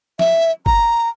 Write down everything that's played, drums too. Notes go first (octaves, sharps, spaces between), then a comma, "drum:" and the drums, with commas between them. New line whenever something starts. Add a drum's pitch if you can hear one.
E5, drum: snare
A#5, drum: kick G1